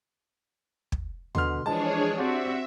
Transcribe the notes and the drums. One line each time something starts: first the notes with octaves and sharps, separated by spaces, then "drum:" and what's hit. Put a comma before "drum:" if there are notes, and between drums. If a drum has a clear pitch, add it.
drum: kick
B2 D3 B3 C6 F6, drum: tom D#2
E3 F3 G#3 D4 G#4 C#5 A5
C4 F#4 G4 C5 D5 E5